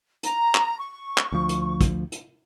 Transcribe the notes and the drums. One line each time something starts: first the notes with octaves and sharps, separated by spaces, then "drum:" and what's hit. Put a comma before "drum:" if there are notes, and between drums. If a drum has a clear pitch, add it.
A#5, drum: hi-hat
drum: clap
C#6
drum: clap
D2 F3
drum: hi-hat
drum: kick, hi-hat
drum: hi-hat